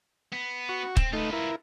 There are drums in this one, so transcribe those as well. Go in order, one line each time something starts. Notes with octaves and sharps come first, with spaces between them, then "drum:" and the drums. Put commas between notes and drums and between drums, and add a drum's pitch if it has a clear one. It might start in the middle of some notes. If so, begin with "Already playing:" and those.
B3
F#4 C#6
C4, drum: kick
A3 D#4 F4 B4
E4 A#4